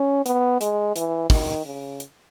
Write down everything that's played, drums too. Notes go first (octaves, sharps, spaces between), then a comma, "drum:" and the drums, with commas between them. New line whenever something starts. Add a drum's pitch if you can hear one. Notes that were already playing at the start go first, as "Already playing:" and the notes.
Already playing: C#4
B3, drum: hi-hat
G#3, drum: hi-hat
E3, drum: hi-hat
D#3, drum: kick, open hi-hat
C#3
drum: hi-hat